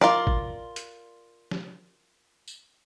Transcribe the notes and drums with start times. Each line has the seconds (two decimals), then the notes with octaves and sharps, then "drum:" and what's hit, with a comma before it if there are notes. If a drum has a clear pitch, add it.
0.01 F4 A#4 D5, drum: snare
0.27 drum: kick
0.76 drum: hi-hat
1.51 drum: snare
2.48 drum: tambourine